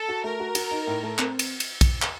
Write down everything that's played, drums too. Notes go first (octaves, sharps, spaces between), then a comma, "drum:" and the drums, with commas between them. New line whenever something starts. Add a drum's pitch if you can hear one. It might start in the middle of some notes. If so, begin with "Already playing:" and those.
Already playing: A4
F#4
A3 A#4
F#4
F#4, drum: cymbal
D#4
A2
A3
C4, drum: clap
drum: cymbal
drum: cymbal
drum: kick, cymbal
drum: clap